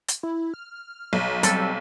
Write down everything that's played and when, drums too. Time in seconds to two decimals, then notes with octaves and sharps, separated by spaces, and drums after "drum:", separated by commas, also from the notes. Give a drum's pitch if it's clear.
0.08 drum: hi-hat
0.23 E4
0.54 F6
1.13 B1
1.43 G3 C4 A4, drum: hi-hat